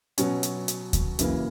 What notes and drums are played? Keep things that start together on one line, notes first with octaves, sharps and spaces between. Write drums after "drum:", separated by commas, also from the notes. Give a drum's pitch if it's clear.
B2 F#3 C#4, drum: hi-hat
drum: hi-hat
drum: hi-hat
drum: kick D2, hi-hat
F#2 C#3 E3 A#3, drum: hi-hat